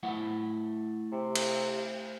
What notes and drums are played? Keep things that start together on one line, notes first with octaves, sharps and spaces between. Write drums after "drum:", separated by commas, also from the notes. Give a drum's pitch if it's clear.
A3 E4 F#5
C3
drum: cymbal